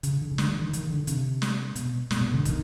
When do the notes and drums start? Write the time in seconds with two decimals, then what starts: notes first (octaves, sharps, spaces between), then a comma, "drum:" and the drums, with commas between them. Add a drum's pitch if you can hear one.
0.03 C#3, drum: hi-hat
0.22 D3
0.31 C#3
0.38 D3, drum: snare
0.50 D#3
0.62 D#3
0.73 D#3, drum: hi-hat
0.90 D3
1.07 C3, drum: hi-hat
1.42 drum: snare
1.76 B2, drum: hi-hat
2.11 B2, drum: snare
2.21 B2
2.34 D3
2.45 D#3, drum: kick, hi-hat